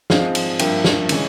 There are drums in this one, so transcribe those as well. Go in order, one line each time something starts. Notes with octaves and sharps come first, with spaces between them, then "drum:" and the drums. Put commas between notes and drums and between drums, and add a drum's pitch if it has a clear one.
G#2 F3 G#3 C4 F5, drum: snare
drum: cymbal
G2 F3 A#3 E5 G5, drum: cymbal
drum: snare
C#3 E3 G#3 C#4, drum: cymbal